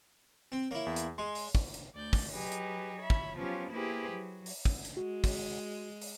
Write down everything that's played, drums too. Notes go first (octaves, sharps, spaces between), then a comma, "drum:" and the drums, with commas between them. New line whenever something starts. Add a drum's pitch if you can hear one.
C4
A#3 E4 C#5
E2
drum: hi-hat
G#3 C6
drum: open hi-hat
drum: kick
drum: hi-hat
D2 D5 G6
drum: kick, open hi-hat
F#3 D#4 G4 G#4 B4
drum: hi-hat
C#5 E5 B5
drum: kick
F3 F#3 B3 C#4 F4 G4
A#3 E4 G4 G#4 B4 C5
F#3
drum: open hi-hat
drum: kick
drum: hi-hat
G#3 F#4
drum: kick, open hi-hat
drum: open hi-hat